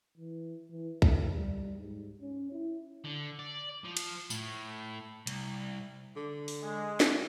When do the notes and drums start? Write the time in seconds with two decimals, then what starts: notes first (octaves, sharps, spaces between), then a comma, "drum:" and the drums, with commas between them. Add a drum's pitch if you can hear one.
0.18 E3
0.71 E3
1.02 D3, drum: kick
1.31 G3
1.76 G#2
2.21 C#4
2.51 E4
3.05 D3
3.39 D5
3.84 F3
3.97 drum: cymbal
4.30 A2, drum: tambourine
5.27 C2, drum: hi-hat
6.16 D3
6.48 drum: open hi-hat
6.62 G#3
7.00 drum: snare